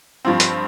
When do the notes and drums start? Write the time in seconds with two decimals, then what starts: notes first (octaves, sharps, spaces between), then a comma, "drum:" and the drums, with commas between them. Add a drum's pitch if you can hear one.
0.25 G2 F3 C4
0.40 drum: hi-hat